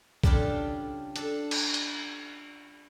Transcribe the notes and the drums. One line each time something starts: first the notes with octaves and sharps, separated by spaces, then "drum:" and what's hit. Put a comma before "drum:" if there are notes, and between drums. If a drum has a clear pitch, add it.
C#3 G3 D4 F4 G4 A4, drum: kick B1
D4 A4, drum: hi-hat
drum: cymbal
drum: hi-hat